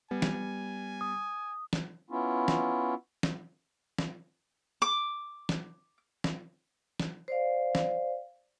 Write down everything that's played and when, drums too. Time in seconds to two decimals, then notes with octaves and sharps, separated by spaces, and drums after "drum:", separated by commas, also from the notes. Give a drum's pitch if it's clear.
0.11 G3 B3 G#5
0.22 drum: snare
1.01 D#6
1.73 drum: snare
2.10 B3 C#4 E4 F4
2.48 drum: snare
3.23 drum: snare
3.99 drum: snare
4.82 D6
5.49 drum: snare
6.24 drum: snare
7.00 drum: snare
7.28 C5 D5 F5
7.75 drum: snare